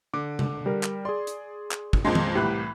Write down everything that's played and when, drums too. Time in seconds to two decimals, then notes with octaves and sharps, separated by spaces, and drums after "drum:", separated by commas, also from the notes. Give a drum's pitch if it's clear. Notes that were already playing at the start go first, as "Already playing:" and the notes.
0.14 D3 D6
0.39 drum: tom C3
0.66 G3 A#4
0.83 drum: clap
1.05 G#4 D5 C6
1.27 drum: hi-hat
1.71 drum: clap
1.93 drum: kick
2.05 F2 A#2 G#3
2.15 drum: tom D#3
2.35 C2 A2 E3 G4 B5 F#6